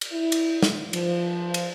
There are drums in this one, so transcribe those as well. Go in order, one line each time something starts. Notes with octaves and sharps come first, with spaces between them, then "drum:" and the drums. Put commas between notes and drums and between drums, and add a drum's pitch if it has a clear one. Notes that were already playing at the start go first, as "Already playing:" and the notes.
drum: cymbal
E4
drum: cymbal
drum: snare
F3, drum: cymbal
drum: cymbal